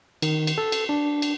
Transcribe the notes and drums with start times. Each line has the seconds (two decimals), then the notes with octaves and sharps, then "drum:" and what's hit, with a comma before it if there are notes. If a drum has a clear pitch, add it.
0.22 D#3, drum: cymbal
0.47 drum: cymbal
0.58 A4
0.72 drum: cymbal
0.89 D4
1.22 drum: cymbal